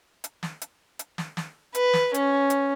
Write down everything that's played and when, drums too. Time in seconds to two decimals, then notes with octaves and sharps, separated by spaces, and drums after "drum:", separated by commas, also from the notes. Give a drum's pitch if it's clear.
0.24 drum: hi-hat
0.43 drum: snare
0.61 drum: hi-hat
0.99 drum: hi-hat
1.18 drum: snare
1.37 drum: snare
1.75 B4, drum: hi-hat
1.93 drum: snare
2.14 C#4, drum: hi-hat
2.50 drum: hi-hat